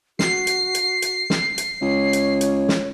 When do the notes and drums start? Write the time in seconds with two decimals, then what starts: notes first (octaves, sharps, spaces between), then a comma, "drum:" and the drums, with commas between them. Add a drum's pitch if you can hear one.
0.19 F#4 C7, drum: snare
0.47 drum: hi-hat
0.75 drum: hi-hat
1.02 drum: hi-hat
1.30 drum: snare
1.58 drum: hi-hat
1.81 C#2 C#5
2.13 drum: hi-hat
2.41 drum: hi-hat
2.69 drum: snare